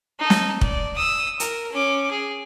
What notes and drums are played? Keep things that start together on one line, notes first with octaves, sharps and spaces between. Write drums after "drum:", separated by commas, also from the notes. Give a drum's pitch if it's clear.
D#4 A4
drum: snare
D5, drum: kick
D#6 E6
A#4, drum: hi-hat
C#4 D6
G#4